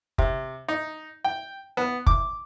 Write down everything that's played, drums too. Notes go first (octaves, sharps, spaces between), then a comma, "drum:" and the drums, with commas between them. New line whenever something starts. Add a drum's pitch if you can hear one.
C3, drum: kick
D#4
G5
B3
D6, drum: kick